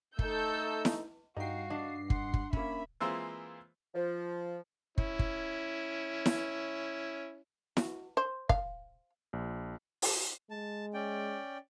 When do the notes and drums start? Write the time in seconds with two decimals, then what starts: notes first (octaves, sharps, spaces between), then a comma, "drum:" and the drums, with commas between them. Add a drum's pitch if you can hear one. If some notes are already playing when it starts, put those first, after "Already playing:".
0.19 A3 D#4 A4 E6 G6, drum: kick
0.85 drum: snare E4
1.37 G2 D#4 F#4 F5 G5 C7
1.70 D4 D#5
2.10 F#5 C6, drum: kick
2.34 drum: kick
2.53 A#3 C#4 E5 B5, drum: kick
3.01 E3 G#3 A#3 C4 E4 F4
3.95 F3
4.98 C#4 E4, drum: kick
5.19 drum: kick
6.26 drum: snare E4
7.77 F#4, drum: snare E4
8.17 C5
8.49 F5, drum: kick
9.33 A#1
10.02 drum: open hi-hat
10.51 G#3 A5
10.94 C#4 D5 G5